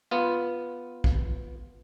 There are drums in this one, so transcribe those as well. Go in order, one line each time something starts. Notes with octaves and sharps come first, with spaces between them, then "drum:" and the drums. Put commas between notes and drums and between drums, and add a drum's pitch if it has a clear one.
B3 F4
drum: kick